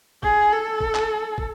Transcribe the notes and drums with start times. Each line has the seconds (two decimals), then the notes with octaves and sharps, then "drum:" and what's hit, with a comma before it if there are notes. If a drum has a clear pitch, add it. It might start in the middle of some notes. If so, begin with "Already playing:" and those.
0.23 G#4, drum: kick
0.52 A4
0.80 drum: kick
0.95 drum: clap
1.38 drum: kick